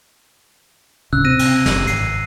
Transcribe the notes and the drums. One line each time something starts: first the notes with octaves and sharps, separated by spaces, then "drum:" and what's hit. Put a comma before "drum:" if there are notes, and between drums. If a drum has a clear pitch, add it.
D1 C#3 C#4 E6 F#6
C3 C4 E6 A#6 D#7
drum: cymbal
F#1, drum: snare
G#1 C7 D#7, drum: hi-hat